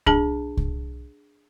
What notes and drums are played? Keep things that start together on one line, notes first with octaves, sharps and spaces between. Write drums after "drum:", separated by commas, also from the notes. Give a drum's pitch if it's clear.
D4 G#4 A5, drum: kick C2
drum: kick C2